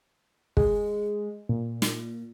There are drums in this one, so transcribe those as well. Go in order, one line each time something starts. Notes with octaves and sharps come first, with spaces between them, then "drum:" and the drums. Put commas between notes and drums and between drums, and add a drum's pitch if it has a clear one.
G#3, drum: kick
A#2
drum: snare